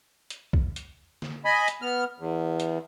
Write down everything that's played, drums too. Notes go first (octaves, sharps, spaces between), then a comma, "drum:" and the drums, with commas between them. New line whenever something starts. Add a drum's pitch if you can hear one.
drum: hi-hat
drum: kick
drum: hi-hat
drum: snare
D#5 G#5 B5
drum: hi-hat
B3 F6
E2
drum: hi-hat